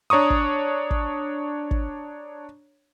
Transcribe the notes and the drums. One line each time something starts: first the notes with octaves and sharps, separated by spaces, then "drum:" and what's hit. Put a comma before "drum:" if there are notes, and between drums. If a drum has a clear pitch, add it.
D4 C#5 A#5 C#6 D#6
drum: kick
drum: kick
drum: kick